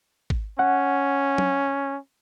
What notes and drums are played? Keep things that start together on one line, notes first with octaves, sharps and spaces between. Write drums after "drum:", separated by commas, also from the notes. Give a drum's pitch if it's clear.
drum: kick
C#4 F#5
drum: tom F#3